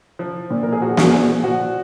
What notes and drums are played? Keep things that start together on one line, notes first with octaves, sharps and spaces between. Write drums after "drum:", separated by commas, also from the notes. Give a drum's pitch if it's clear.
F3
A#2
A#4
G#4
F3 F#4
drum: snare
G#4
A#2 F#4
F3 F#4